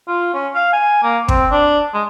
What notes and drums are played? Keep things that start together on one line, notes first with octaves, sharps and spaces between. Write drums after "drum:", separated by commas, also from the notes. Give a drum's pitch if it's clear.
F4
C#4
F5
G#5
A#3
C4, drum: kick
D4
G#3